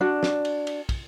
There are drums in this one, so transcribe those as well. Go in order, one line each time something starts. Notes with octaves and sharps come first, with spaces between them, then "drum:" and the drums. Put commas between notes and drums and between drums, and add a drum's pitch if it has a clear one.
D4 F#4
drum: snare
drum: cymbal
drum: cymbal
drum: kick, cymbal